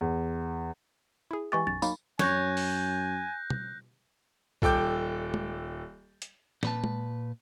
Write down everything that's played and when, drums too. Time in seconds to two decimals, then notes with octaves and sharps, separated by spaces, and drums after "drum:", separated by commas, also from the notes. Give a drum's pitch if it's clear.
0.01 E2
1.31 E4 G#4
1.52 E3 G#3 G4 G#5 C#6 A6
1.67 B1 F#2 A6
1.82 F#3 A#3 D#4 B5, drum: tambourine
2.19 F#2 C#5 G#5 F#6 G6 A#6, drum: snare
2.57 drum: open hi-hat
3.50 drum: tom
4.62 D#1 A4 G5 D6 G6, drum: kick C2
5.34 drum: tom G#3
6.22 drum: hi-hat
6.63 A#2 B4 A5, drum: snare
6.84 drum: tom G#3